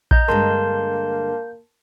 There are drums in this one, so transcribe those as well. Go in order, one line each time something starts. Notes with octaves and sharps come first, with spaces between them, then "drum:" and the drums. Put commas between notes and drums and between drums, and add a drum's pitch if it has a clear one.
D#5 A#5 G6, drum: kick A#1
G2 D3 G#3 A#3 A#4 A5 C6